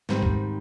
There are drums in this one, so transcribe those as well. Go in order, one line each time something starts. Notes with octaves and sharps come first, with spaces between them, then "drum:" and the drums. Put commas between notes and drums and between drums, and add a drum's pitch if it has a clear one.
G#2 D#3 G3 C4, drum: snare
drum: kick C2